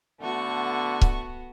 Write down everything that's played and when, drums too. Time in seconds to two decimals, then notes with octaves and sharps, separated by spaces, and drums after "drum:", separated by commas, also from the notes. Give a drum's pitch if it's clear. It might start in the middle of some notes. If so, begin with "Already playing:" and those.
0.21 D3 A3 B3 F#4 C#6
1.01 drum: kick C#1